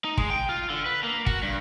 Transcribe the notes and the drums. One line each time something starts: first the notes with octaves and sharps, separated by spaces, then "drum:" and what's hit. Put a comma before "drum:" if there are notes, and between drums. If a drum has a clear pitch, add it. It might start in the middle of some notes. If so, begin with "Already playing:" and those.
D#4
G#3, drum: kick
G5
F4
D3
B4
A#3
F#4, drum: kick
G2